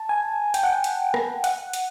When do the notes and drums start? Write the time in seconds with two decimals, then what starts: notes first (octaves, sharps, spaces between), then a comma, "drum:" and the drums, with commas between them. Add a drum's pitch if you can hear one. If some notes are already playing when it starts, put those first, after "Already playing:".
Already playing: A5
0.09 G#5
0.54 G5, drum: hi-hat
0.63 F#5
0.73 G5
0.84 drum: hi-hat
1.14 drum: rim click
1.44 F#5, drum: hi-hat
1.73 drum: hi-hat